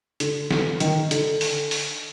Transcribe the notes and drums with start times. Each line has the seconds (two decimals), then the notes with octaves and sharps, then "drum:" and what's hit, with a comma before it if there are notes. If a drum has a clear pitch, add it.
0.20 D3, drum: hi-hat
0.51 D3, drum: snare
0.80 D#3, drum: hi-hat
1.11 D3, drum: hi-hat
1.41 drum: open hi-hat
1.71 drum: open hi-hat